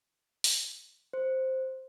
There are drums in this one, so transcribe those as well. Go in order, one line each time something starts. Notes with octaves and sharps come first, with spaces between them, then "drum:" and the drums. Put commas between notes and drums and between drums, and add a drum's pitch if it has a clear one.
drum: open hi-hat
C5